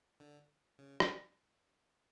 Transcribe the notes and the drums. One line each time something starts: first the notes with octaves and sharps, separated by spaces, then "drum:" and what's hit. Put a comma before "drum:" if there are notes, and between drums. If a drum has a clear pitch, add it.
D3
C#3
drum: rim click